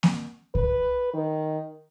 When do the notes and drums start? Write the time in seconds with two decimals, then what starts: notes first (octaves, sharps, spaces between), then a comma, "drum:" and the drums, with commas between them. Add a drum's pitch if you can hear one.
0.03 drum: snare A#3
0.55 B4, drum: kick C2
1.14 D#3